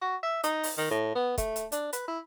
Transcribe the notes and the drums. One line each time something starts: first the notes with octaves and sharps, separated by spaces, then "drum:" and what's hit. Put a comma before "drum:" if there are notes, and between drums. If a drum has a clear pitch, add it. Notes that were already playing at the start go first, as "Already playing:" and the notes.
F#4
E5
D#4, drum: hi-hat
drum: open hi-hat
D#3
A2
B3
A3, drum: kick, hi-hat
drum: hi-hat
D4, drum: hi-hat
B4, drum: hi-hat
E4